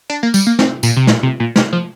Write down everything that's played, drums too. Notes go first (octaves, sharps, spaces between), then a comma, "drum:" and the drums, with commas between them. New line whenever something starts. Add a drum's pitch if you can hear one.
D4
A#3
G3, drum: tambourine
A#3
C4, drum: snare
A#2, drum: tambourine
C3
A#2, drum: snare
C3
A#2
C3, drum: snare
F3